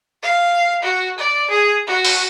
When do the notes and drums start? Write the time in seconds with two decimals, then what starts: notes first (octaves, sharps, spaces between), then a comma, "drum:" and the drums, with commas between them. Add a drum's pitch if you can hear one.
0.23 F5
0.83 F#4
1.18 D5
1.50 G#4
1.87 F#4
2.05 drum: open hi-hat